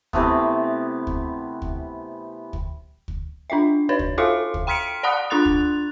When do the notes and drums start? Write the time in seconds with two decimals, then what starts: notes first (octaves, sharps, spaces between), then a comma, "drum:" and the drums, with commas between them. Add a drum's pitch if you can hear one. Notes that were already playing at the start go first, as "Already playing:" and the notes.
0.13 C3 E3 A3 B3, drum: kick
1.07 drum: kick
1.62 drum: kick
2.53 drum: kick
3.08 drum: kick
3.50 D4 F4 D#5 E5
3.89 D#4 B4 C#5
3.99 drum: kick
4.18 F4 F#4 A4 E5 F5 C6
4.54 drum: kick
4.67 G5 C6 F6 B6 C#7 D7
5.03 D5 F#5 A5 B5 D#6 F#6
5.30 D4 F4 C6 F#6 A6 F7
5.45 drum: kick